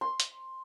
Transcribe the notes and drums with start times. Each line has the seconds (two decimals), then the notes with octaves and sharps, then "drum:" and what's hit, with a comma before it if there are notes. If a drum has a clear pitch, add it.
0.01 C6
0.20 drum: hi-hat